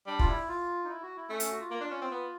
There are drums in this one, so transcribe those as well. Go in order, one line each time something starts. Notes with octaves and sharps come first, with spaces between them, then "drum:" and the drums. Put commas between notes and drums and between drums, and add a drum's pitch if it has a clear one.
G3 D4
F4, drum: kick
E4
F4
D#4
E4
F#4
E4
A3 C#4
C#4, drum: hi-hat
F#4
F4
A#3
D4
C#4
C4
B3